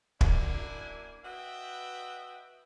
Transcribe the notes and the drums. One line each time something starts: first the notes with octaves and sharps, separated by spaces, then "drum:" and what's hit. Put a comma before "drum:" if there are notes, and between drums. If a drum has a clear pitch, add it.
F#2 A#3 D4 E4 G#5, drum: kick
F#4 B4 D#5 E5 G5